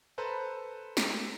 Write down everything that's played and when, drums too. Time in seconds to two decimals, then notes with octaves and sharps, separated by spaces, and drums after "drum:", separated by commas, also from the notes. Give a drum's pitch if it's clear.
0.18 A4 B4 C5 A#5
0.97 drum: snare